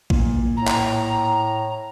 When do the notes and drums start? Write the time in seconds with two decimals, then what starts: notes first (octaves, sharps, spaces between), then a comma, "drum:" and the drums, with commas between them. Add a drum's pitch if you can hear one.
0.10 A#2, drum: kick A#1
0.57 A2 A#5
0.67 drum: clap